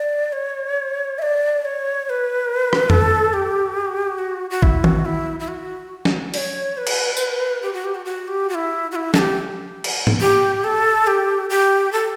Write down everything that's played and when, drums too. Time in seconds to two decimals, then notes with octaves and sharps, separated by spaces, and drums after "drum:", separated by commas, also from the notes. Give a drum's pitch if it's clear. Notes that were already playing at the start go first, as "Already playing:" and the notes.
Already playing: D5
0.33 C#5
1.19 E5
1.22 D5
1.62 D5
1.65 C#5
2.05 C#5
2.10 B4
2.73 drum: rim click
2.90 A4, drum: tom F2
3.33 G4
4.19 F#4
4.50 F#4
4.62 E4, drum: kick
4.84 F#4, drum: tom D#3
5.05 E4
5.40 E4
5.48 F#4
6.05 drum: snare
6.34 D5, drum: open hi-hat
6.37 C#5
6.77 B4
6.87 drum: cymbal
7.17 drum: tambourine
7.62 G4
7.73 F#4
7.84 G4
7.95 F#4
8.05 F#4
8.28 G4
8.50 F#4
8.55 E4
8.91 F#4
8.96 E4
9.14 A4, drum: snare
9.18 G4
9.84 drum: cymbal
10.07 drum: tom G#2
10.20 G4
10.64 A4
11.07 G4
11.50 G4
11.92 A4